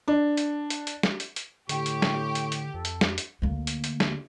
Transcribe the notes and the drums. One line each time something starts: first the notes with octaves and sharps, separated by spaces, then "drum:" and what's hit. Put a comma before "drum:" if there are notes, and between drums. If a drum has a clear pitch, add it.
D4
drum: hi-hat
drum: hi-hat
drum: hi-hat
drum: snare
drum: hi-hat
drum: hi-hat
A2 D3 G4 C#6, drum: hi-hat
drum: hi-hat
drum: snare
drum: hi-hat
drum: hi-hat
F2 A4
drum: hi-hat
drum: snare
drum: hi-hat
D2 A#3
drum: hi-hat
drum: hi-hat
drum: snare